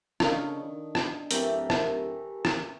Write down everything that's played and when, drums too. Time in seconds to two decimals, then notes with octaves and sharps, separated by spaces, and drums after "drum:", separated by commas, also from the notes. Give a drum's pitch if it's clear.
0.20 C#3 D4 A4 A#4 D#5 F5, drum: rim click
0.63 D#3
0.95 drum: rim click
1.31 D1 E3 A3 C4 G4 A#4 A#5, drum: hi-hat
1.70 drum: rim click
2.45 drum: rim click